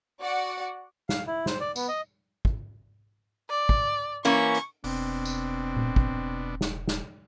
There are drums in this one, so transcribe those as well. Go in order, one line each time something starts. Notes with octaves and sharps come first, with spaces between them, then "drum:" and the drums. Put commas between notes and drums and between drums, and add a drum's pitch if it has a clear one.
F#4 D5 F#5
F5, drum: snare
E4
C5, drum: snare
D5
B3, drum: tambourine
D#5
drum: kick
D5
drum: kick
E3 A#3 C#4 C#6
drum: hi-hat
E1 B2 C4 D4, drum: open hi-hat
drum: tambourine
drum: tom A#2
drum: kick
drum: snare
drum: snare